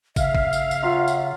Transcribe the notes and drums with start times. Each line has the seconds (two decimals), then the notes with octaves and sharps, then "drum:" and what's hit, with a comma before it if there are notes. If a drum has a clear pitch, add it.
0.16 C#3 E5 F5, drum: kick, tambourine
0.35 drum: kick
0.53 drum: tambourine
0.71 drum: tambourine
0.83 F#3 F4
1.08 drum: tambourine